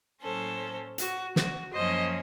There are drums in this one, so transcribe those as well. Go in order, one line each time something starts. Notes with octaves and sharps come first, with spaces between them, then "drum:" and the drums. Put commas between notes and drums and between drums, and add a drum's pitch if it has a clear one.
A2 F#3 A#3 C#4 A4 C5
F#4, drum: hi-hat
F#4, drum: snare
F#2 F3 A#3 C#4 C5 D#5